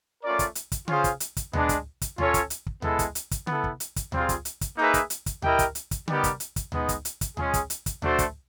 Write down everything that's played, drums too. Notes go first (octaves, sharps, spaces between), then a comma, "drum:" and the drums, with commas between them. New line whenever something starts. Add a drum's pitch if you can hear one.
A3 C#4 F4 A#4 D5
drum: kick, hi-hat
drum: hi-hat
drum: kick, hi-hat
C#4 F4 G#4 C5 F5, drum: tom C#3
drum: kick, hi-hat
drum: hi-hat
drum: kick, hi-hat
G#3 B3 D4, drum: tom D2
drum: kick, hi-hat
drum: kick, hi-hat
C#4 F4 A4 C#5, drum: tom D2
drum: kick, hi-hat
drum: hi-hat
drum: kick
G#3 B3 E4 A4, drum: tom D2
drum: kick, hi-hat
drum: hi-hat
drum: kick, hi-hat
B3 E4 A4, drum: tom C#3
drum: kick
drum: hi-hat
drum: kick, hi-hat
G3 C4 F4 G#4, drum: tom D2
drum: kick, hi-hat
drum: hi-hat
drum: kick, hi-hat
A#3 D#4 G#4 B4 E5
drum: kick, hi-hat
drum: hi-hat
drum: kick, hi-hat
E4 G4 A#4 D#5 G5, drum: tom D2
drum: kick, hi-hat
drum: hi-hat
drum: kick, hi-hat
G3 B3 D#4 G4 A#4, drum: tom C#3
drum: kick, hi-hat
drum: hi-hat
drum: kick, hi-hat
G#3 B3 D#4, drum: tom D2
drum: kick, hi-hat
drum: hi-hat
drum: kick, hi-hat
G#3 C#4 F4 G#4, drum: tom D2
drum: kick, hi-hat
drum: hi-hat
drum: kick, hi-hat
A3 D4 F#4 A4 C5, drum: tom D2
drum: kick, hi-hat